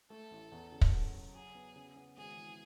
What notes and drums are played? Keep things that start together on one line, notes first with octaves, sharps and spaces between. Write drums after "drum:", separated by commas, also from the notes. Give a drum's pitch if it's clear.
A3 A4
A1
E2
C#3
drum: kick
F#3
F#3
F#3 G#4
B3
C#3
B3
G#1 G#4
E3